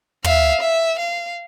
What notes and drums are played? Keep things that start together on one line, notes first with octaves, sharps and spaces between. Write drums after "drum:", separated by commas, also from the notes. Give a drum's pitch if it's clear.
E5 F5, drum: tom
E5
F5